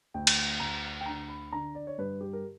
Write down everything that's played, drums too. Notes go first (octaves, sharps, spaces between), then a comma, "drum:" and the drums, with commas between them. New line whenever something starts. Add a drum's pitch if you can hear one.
D2 G5
drum: cymbal
D2 A#5
G5
D3 A#5
B5
D3 A#5
D5
C#5
G2 B4
G4
A#4